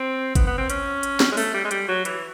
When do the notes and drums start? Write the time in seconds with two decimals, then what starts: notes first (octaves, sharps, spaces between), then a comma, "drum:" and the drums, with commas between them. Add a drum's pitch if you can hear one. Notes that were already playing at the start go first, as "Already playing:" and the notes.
Already playing: C4
0.35 B3, drum: kick G#1, hi-hat
0.47 B3
0.58 C4
0.70 C#4, drum: hi-hat
1.03 drum: hi-hat
1.20 drum: snare
1.32 G#3
1.37 A3, drum: open hi-hat
1.54 G3
1.65 G#3
1.71 G3, drum: hi-hat
1.88 F#3
2.05 E3, drum: hi-hat